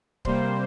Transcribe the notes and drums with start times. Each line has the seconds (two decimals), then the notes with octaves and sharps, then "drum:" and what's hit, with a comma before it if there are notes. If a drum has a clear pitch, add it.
0.25 C3 G3 A#3 C5, drum: kick C#1